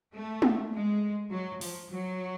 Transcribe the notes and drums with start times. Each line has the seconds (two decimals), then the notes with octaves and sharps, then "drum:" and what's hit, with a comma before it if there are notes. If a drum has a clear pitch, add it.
0.15 A3
0.42 drum: tom
0.73 G#3
1.32 F#3
1.61 F3, drum: open hi-hat
1.90 F#3